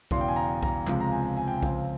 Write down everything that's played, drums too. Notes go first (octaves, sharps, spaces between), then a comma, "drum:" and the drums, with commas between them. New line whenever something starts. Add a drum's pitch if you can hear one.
E1 E2 C#3 E3 C6, drum: kick B1
G5
G#5
A#5
A#5, drum: kick B1
C#2 C3 F3 G#3 C4, drum: clap
A#5
G#5
G#5
G5
G#5
C#2 C#3 F3 C4, drum: kick B1